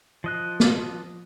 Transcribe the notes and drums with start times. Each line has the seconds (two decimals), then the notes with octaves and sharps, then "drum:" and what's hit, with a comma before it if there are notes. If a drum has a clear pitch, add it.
0.24 F3 D#5 F#6
0.60 drum: snare